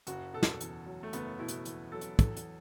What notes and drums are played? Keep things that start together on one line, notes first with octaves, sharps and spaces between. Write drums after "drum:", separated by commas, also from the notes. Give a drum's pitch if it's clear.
F#1 F#4, drum: hi-hat
B2 A4
drum: snare
E2, drum: hi-hat
F#3
A3
F#1 B3, drum: hi-hat
B2 E4
drum: hi-hat
E2, drum: hi-hat
F#3 A4
drum: hi-hat
E2 A4, drum: kick, hi-hat
drum: hi-hat